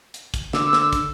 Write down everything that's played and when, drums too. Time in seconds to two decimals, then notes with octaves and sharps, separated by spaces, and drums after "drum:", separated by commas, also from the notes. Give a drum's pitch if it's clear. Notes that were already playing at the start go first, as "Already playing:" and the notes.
0.14 drum: hi-hat
0.34 drum: kick, hi-hat
0.53 D3 E6, drum: snare
0.73 drum: snare
0.93 drum: kick, hi-hat